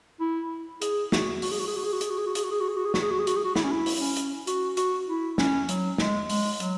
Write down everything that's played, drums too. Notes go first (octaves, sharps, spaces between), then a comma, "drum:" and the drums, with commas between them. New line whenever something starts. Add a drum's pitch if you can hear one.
E4
G#4, drum: hi-hat
F#4, drum: snare
F#4, drum: open hi-hat
G#4
F#4
G#4
F#4
G#4
F#4
G#4, drum: hi-hat
F#4
G#4
F#4
G#4, drum: hi-hat
F#4
G#4
F#4
G#4
F#4
G#4
F#4, drum: snare
G#4
F#4
G#4
F#4, drum: hi-hat
G#4
F#4
E4, drum: snare
C#4
E4
drum: open hi-hat
C#4
drum: hi-hat
F#4, drum: hi-hat
F#4, drum: hi-hat
E4
C#4, drum: snare
F#3, drum: hi-hat
G#3, drum: snare
G#3, drum: open hi-hat
F#3, drum: hi-hat